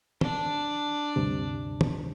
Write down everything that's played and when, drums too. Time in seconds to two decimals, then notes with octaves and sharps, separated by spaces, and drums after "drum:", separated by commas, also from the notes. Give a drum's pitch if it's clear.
0.21 D4, drum: tom
1.16 D2 G2 C3
1.81 drum: tom